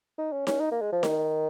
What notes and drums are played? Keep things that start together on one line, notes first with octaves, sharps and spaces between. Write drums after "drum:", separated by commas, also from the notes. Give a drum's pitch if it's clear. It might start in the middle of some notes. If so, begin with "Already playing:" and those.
D#4
C#4
C#4, drum: snare D#4
D#4
A#3
G#3
F3
D#3, drum: snare D#4